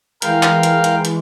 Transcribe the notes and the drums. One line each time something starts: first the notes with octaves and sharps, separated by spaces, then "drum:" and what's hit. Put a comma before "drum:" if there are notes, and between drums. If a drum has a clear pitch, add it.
E3 G#3 A#4 F5 G5, drum: hi-hat
drum: clap
drum: hi-hat
drum: hi-hat
drum: hi-hat